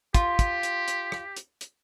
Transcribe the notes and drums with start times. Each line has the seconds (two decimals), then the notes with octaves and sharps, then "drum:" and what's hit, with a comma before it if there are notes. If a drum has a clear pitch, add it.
0.15 F4 G4, drum: kick, hi-hat
0.39 drum: kick, hi-hat
0.63 drum: hi-hat
0.88 drum: hi-hat
1.12 drum: rim click
1.37 drum: hi-hat
1.61 drum: hi-hat